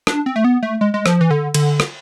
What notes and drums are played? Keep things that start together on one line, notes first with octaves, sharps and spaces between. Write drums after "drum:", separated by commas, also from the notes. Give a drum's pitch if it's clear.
D4, drum: rim click
C4
A3
B3
A3
G#3
G#3
F3, drum: rim click
E3
D3
D3, drum: cymbal
drum: rim click